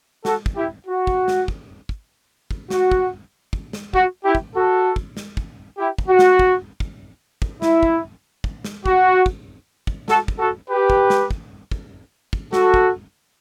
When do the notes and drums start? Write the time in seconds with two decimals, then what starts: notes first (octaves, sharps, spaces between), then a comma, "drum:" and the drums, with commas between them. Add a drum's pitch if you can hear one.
0.25 F#4 A4, drum: snare
0.46 drum: kick
0.56 E4 G4
0.87 F#4
1.07 drum: kick
1.28 drum: snare
1.48 drum: kick
1.89 drum: kick
2.51 drum: kick
2.70 F#4, drum: snare
2.92 drum: kick
3.53 drum: kick
3.73 drum: snare
3.94 F#4, drum: kick
4.24 E4 G4
4.35 drum: kick
4.55 F#4 A4
4.96 drum: kick
5.17 drum: snare
5.37 drum: kick
5.78 E4 G4
5.98 drum: kick
6.08 F#4
6.19 drum: snare
6.39 drum: kick
6.80 drum: kick
7.42 drum: kick
7.62 E4, drum: snare
7.83 drum: kick
8.44 drum: kick
8.65 drum: snare
8.86 F#4, drum: kick
9.26 drum: kick
9.87 drum: kick
10.08 F#4 A4, drum: snare
10.28 drum: kick
10.38 F#4 A4
10.70 G4 B4
10.90 drum: kick
11.10 drum: snare
11.31 drum: kick
11.71 drum: kick
12.33 drum: kick
12.53 F#4 A4, drum: snare
12.74 drum: kick